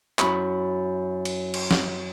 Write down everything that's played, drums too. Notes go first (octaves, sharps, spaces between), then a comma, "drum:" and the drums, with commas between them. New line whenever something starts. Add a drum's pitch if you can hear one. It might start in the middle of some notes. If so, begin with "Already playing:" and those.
F#2 E4 B5 C#6, drum: clap
drum: cymbal
drum: cymbal
drum: snare